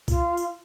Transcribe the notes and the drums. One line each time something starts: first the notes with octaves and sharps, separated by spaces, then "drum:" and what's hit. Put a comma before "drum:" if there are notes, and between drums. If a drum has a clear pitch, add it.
F4, drum: kick C2, tambourine
drum: tambourine